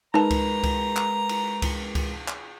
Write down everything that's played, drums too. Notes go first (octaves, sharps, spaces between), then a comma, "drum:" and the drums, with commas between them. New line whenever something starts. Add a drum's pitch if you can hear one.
G#3 D#4 A#4 B4 A5 A#5
drum: kick C#2, cymbal
drum: kick C#2, cymbal
drum: clap
drum: cymbal
drum: kick C#2, cymbal
drum: kick C#2, cymbal
drum: clap